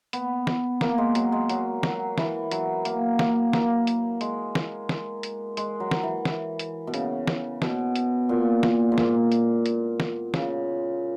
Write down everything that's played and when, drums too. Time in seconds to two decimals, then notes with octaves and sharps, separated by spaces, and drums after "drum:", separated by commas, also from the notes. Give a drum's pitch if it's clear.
0.13 B3, drum: hi-hat
0.47 drum: snare
0.81 A#3, drum: snare
0.98 G#3
1.15 F#3, drum: hi-hat
1.32 G#3
1.50 F#3, drum: hi-hat
1.83 F#3, drum: snare
2.18 E3, drum: snare
2.52 F#3, drum: hi-hat
2.85 A#3, drum: hi-hat
3.19 A#3, drum: snare
3.53 A#3, drum: snare
3.87 drum: hi-hat
4.21 G#3, drum: hi-hat
4.55 drum: snare
4.89 drum: snare
5.23 drum: hi-hat
5.57 G#3, drum: hi-hat
5.80 F#3
5.91 drum: snare
6.03 E3
6.25 drum: snare
6.59 drum: hi-hat
6.87 B2
6.94 C#3, drum: hi-hat
7.27 drum: snare
7.62 B2, drum: snare
7.96 drum: hi-hat
8.29 A#2
8.63 A#2, drum: snare
8.92 G#2
8.98 A#2, drum: snare
9.32 drum: hi-hat
9.66 drum: hi-hat
10.00 drum: snare
10.34 C#3, drum: snare